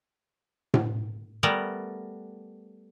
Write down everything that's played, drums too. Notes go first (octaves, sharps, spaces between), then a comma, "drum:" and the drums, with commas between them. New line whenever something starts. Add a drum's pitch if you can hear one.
drum: tom A2
G3 A3 B3 A#4